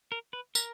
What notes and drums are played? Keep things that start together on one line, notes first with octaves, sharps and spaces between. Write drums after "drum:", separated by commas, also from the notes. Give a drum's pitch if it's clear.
A#4
B4
A#4, drum: tambourine